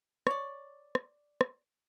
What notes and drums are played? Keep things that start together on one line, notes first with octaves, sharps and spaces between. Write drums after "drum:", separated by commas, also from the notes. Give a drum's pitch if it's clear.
C#5 D5, drum: rim click
drum: rim click
drum: rim click